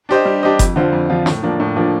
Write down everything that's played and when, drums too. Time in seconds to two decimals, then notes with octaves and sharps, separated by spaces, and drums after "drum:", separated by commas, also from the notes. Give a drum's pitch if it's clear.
0.09 D4 G4 C5 D#5
0.26 G3
0.43 D4 G4 C5 D#5
0.59 F2, drum: kick F#1, hi-hat
0.76 D3 F3 C4 F4
0.93 F2
1.09 D3 F3 C4 F4
1.26 A2, drum: snare
1.43 F3 A#3 D4
1.60 A2
1.76 F3 A#3 D4